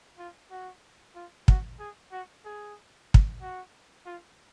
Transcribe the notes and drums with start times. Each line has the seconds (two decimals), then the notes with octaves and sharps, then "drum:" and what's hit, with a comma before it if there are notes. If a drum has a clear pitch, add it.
0.18 F4
0.50 F#4
1.15 F4
1.48 F#4, drum: kick
1.79 G#4
2.12 F#4
2.45 G#4
3.14 drum: kick
3.41 F#4
4.06 F4